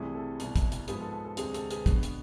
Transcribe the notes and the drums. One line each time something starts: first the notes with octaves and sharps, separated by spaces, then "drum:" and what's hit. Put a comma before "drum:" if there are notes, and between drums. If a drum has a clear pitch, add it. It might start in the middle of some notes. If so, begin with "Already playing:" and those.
Already playing: C2 C3 E3 A3 E4 G#4
A4
C2 B2 B3 E4, drum: hi-hat
drum: kick, hi-hat
drum: hi-hat
G#2 F3 B3 G#4 B4, drum: hi-hat
A4
A4
A4
D2 C3 G#3 C4 G#4, drum: hi-hat
A4, drum: hi-hat
G#4 B4, drum: hi-hat
B2 B3 D4, drum: kick, hi-hat
drum: hi-hat